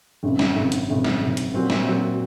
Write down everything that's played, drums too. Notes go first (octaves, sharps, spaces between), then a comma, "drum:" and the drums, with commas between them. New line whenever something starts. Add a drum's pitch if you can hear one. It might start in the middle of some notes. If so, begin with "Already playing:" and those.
G#1 F#2 C#3
drum: snare
G#1 F#2 C#3
drum: hi-hat
G#1 F#2 C#3
drum: snare
G#1 F#2 C#3
drum: hi-hat
A#2 F#3 C4 F#4
drum: snare
A#2 F#3 C4 F#4